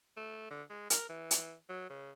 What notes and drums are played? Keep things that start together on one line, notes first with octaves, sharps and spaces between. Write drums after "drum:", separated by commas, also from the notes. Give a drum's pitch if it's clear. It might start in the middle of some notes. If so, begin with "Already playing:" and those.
A3
D3
G#3
A#4, drum: hi-hat
E3
drum: hi-hat
F#3
C#3